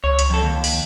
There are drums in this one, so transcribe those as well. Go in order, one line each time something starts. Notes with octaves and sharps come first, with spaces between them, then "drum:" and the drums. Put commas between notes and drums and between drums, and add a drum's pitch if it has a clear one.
C#2 C#5
drum: hi-hat
F2 A4
D#2
drum: open hi-hat